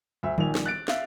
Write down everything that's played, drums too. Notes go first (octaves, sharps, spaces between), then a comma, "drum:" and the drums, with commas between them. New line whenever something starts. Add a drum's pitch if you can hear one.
D2 E5
A#1 D#3 G3 G#5 F7, drum: tom D3
drum: snare
F#6 A6 D7
E5 F5, drum: snare